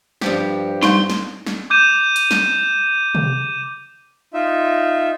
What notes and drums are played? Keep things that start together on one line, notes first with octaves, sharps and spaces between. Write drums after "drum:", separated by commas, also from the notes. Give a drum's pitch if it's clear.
G2 F3 G4, drum: snare
G3 D#4 C6, drum: snare
drum: snare
drum: snare
D6 G6 D#7 E7
drum: hi-hat
drum: snare
drum: tom C3
D#4 F4 E5